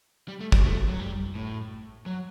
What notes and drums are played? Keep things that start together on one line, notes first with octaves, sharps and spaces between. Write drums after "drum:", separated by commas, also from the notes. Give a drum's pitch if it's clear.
G3
A3
G3, drum: kick
A3
F#3
G3
A2
F#3